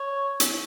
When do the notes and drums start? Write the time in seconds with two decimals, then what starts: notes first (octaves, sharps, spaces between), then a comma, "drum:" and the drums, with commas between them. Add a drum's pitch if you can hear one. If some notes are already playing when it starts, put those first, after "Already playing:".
Already playing: C#5
0.40 drum: hi-hat